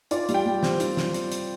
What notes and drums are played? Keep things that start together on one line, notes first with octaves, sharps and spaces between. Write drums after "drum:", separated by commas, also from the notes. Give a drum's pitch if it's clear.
F4 D5, drum: hi-hat
G3, drum: hi-hat
G5
G3
C4, drum: snare
F4, drum: hi-hat
drum: snare
drum: hi-hat
drum: hi-hat